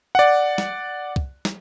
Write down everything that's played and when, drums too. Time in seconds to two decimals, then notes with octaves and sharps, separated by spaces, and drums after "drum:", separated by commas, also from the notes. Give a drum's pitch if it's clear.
0.15 D5 F#5
0.58 drum: snare
1.16 drum: kick
1.45 drum: snare